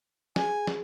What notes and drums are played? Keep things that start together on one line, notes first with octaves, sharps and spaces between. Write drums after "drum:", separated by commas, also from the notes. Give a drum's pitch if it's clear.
G#4 G#5, drum: snare
drum: snare